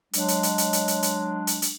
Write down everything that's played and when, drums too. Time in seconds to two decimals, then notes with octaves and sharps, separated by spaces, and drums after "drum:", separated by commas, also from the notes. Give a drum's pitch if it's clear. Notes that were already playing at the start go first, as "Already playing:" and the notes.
0.13 F#3 G#3 D4, drum: hi-hat
0.28 drum: hi-hat
0.43 drum: hi-hat
0.58 drum: hi-hat
0.73 drum: hi-hat
0.88 drum: hi-hat
1.03 drum: hi-hat
1.47 drum: hi-hat
1.62 drum: hi-hat